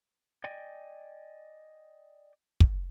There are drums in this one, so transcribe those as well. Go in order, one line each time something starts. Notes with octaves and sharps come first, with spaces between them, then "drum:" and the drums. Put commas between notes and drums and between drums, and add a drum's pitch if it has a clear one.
D5 D#5 G5 G#5
drum: kick